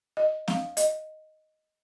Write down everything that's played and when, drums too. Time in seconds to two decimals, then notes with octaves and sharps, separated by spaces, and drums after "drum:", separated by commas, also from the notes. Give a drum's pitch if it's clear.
0.17 D#5
0.48 F5, drum: snare C4
0.77 D#5, drum: hi-hat